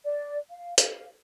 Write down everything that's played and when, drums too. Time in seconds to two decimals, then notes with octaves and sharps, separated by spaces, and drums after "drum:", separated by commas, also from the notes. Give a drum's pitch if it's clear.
0.05 D5
0.50 F5
0.78 F5, drum: hi-hat